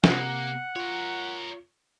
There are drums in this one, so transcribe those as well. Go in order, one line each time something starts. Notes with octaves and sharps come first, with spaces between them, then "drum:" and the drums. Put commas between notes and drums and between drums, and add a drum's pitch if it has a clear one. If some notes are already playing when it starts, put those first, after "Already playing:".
C3 A#3 F#5, drum: snare
F4 A#4 C#5